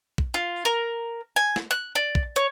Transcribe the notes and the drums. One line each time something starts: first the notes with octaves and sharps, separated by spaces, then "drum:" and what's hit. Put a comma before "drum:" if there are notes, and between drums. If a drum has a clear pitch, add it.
drum: kick
F4
A#4
G#5
drum: snare
F#6
D5
drum: kick
C#5